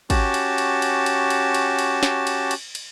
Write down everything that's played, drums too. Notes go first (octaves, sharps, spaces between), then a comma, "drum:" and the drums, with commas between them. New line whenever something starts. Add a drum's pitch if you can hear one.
C#4 F#4 G4 A5, drum: kick, cymbal
drum: cymbal
drum: cymbal
drum: cymbal
drum: cymbal
drum: cymbal
drum: cymbal
drum: cymbal
drum: snare
drum: cymbal
drum: cymbal
drum: cymbal